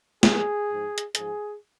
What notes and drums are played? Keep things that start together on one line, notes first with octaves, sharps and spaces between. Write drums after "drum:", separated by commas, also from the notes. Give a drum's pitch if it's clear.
A#2 F3 G#4, drum: snare
G#2 F3
drum: hi-hat
G#2 F3 G#4, drum: hi-hat